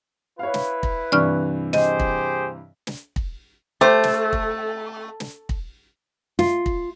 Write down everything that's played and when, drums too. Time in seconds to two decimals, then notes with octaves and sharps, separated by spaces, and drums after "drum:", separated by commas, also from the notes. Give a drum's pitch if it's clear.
0.39 E4 B4 C#5 F5
0.54 drum: snare
0.83 drum: kick
1.12 G2 C3 E3 D5 C#6 F6
1.73 G4 G#4 C5 D#5, drum: snare
2.00 drum: kick
2.87 drum: snare
3.16 drum: kick
3.81 A3 G4 C5
4.04 drum: snare
4.33 drum: kick
5.20 drum: snare
5.49 drum: kick
6.39 F4, drum: snare
6.66 drum: kick